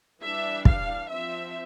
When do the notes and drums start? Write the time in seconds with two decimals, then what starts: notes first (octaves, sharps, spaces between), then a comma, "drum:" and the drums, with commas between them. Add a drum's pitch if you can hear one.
0.21 E3 G3 D4 E5
0.65 F5, drum: kick
1.08 F3 C4 E5